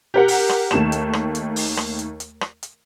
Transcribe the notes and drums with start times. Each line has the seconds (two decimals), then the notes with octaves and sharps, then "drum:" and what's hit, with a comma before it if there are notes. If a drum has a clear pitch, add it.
0.14 G4 A#4 F#5
0.28 drum: open hi-hat
0.49 drum: rim click
0.71 D#2 D#3 A3 E7, drum: rim click
0.92 drum: hi-hat
1.13 drum: rim click
1.35 drum: hi-hat
1.56 drum: open hi-hat
1.77 drum: rim click
1.99 drum: hi-hat
2.20 drum: hi-hat
2.41 drum: rim click
2.63 drum: hi-hat